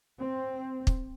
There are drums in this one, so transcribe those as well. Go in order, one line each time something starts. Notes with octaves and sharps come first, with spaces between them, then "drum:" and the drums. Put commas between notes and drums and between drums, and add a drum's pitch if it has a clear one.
C4
drum: kick